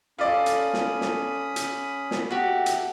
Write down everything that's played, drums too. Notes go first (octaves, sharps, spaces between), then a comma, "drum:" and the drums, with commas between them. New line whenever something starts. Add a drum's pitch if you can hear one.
C#4 F4 A4 D5 B5 D#6
drum: hi-hat
drum: snare
drum: snare
drum: hi-hat
drum: snare
A3 F#4 G4
drum: hi-hat